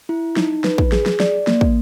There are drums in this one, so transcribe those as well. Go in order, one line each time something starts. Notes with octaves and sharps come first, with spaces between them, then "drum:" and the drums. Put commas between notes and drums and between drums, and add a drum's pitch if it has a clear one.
E4
D#4, drum: snare
B4, drum: snare
drum: kick
G#4, drum: snare
drum: snare
D5, drum: snare
A#3, drum: snare
drum: kick